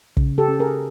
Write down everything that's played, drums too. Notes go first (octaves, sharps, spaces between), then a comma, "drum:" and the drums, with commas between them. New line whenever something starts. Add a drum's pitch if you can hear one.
C#3, drum: kick
G4 A4
C#4
G#4 A#4